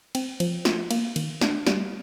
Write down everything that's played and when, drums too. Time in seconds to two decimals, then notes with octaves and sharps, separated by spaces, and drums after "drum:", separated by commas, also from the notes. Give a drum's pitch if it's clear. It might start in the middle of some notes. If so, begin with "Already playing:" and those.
0.15 C4, drum: cymbal
0.40 F3, drum: cymbal
0.65 F4, drum: snare
0.91 A#3, drum: cymbal
1.16 D#3, drum: cymbal
1.41 D4, drum: snare
1.67 G3, drum: snare